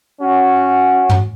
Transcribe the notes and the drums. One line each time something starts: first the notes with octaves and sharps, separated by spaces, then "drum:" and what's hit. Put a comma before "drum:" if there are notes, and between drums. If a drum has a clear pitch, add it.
C#4 F#4
drum: tom